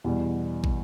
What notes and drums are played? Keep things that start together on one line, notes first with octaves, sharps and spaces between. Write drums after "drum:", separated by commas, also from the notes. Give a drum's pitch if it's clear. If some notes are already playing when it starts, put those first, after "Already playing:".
E2 B2 G3
drum: kick